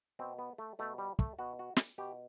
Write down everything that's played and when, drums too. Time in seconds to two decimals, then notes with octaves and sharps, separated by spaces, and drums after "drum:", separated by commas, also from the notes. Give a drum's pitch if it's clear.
0.19 B2 C4
0.39 B3
0.58 A3
0.79 B2 A3
0.98 G3
1.19 A3, drum: kick
1.39 B2 F#4
1.59 F#4
1.76 drum: snare
1.98 B2 G4